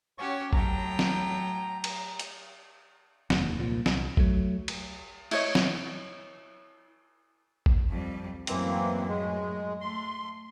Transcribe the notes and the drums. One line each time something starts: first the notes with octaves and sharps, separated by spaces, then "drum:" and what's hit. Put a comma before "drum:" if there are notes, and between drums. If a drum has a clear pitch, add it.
C#4 F#4 G4 C#5 C#6
A2 F#3 G5 A#5, drum: kick
drum: snare
A#5, drum: cymbal
drum: hi-hat
F1 D#2, drum: snare
C2 A#2 F3
C2, drum: snare
F#3 A3, drum: kick
drum: cymbal
E4 C#5 D#5, drum: cymbal
drum: snare
drum: kick
F2 G3
F#2 A2 E3 A#3 C4, drum: hi-hat
G#3
A3 C6